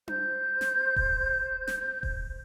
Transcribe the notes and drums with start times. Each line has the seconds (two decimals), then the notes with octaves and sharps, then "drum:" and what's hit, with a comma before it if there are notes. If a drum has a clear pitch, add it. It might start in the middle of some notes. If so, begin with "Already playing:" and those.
0.08 C5 G6, drum: tom D4
0.61 drum: snare
0.96 drum: kick D#1
1.67 drum: snare
2.03 drum: kick D#1